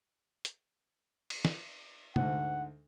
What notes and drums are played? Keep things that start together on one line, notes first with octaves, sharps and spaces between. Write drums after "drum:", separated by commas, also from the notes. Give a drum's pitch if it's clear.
drum: hi-hat
drum: cymbal
drum: snare
D2 G#2 F#5, drum: tom